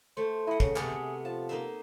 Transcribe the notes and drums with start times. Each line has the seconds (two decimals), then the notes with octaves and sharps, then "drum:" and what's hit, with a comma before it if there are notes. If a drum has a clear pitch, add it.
0.17 A3 C5
0.47 E4 D#5 F#5
0.60 C#3, drum: kick
0.76 C3 A3 B3 G#4, drum: clap
1.25 F3 A5
1.49 A#3 D#4 E5